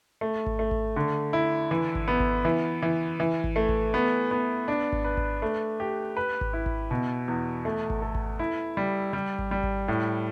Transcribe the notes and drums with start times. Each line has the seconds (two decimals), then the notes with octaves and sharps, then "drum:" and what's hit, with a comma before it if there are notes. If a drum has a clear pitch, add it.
0.21 A3
0.46 drum: kick G#1
0.59 A3
0.71 drum: kick G#1
0.96 D3
1.33 E4
1.71 E3
1.95 drum: kick G#1
2.08 B3
2.20 drum: kick G#1
2.45 E3
2.82 E3
3.20 E3
3.44 drum: kick G#1
3.56 A3
3.69 drum: kick G#1
3.94 B3
4.31 B3
4.68 D4
4.93 drum: kick G#1
5.04 B4
5.17 drum: kick G#1
5.42 A3
5.80 G4
6.17 B4
6.41 drum: kick G#1
6.53 E4
6.66 drum: kick G#1
6.91 B2
7.28 E2
7.65 A3
7.90 drum: kick G#1
8.02 A4
8.15 drum: kick G#1
8.39 E4
8.77 G3
9.13 G3
9.39 drum: kick G#1
9.51 G3
9.63 drum: kick G#1
9.88 A2